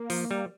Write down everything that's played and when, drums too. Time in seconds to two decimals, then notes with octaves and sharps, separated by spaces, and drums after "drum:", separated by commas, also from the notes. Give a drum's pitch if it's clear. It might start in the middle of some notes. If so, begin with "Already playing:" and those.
Already playing: A#3
0.10 F3, drum: open hi-hat
0.31 G3